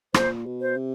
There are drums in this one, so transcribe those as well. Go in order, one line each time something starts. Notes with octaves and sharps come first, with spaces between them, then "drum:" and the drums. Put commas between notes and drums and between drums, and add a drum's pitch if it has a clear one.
A#2 C5, drum: rim click
B2
C5
C3